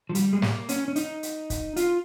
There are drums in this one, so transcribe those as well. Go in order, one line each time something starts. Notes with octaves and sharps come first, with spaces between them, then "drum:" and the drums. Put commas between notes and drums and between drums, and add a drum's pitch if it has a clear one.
F3
G3, drum: hi-hat
G#3
A#3, drum: snare
C#4, drum: hi-hat
C#4
D#4, drum: hi-hat
drum: hi-hat
drum: kick, hi-hat
F4, drum: hi-hat